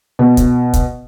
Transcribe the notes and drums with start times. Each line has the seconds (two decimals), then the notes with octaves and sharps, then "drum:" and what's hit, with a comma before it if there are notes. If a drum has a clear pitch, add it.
0.19 B2
0.37 drum: kick, hi-hat
0.73 drum: kick, hi-hat